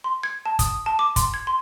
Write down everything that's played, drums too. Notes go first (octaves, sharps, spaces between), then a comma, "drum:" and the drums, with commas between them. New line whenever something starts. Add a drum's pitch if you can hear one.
C6
G#6
A5
D#6, drum: kick, hi-hat
A5
D6
C6, drum: kick, hi-hat
G#6
C6